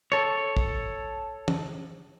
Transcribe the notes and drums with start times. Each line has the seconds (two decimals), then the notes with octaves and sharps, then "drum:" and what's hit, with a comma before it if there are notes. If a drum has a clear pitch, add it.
0.12 A4 C#5
0.57 drum: kick
1.48 drum: tom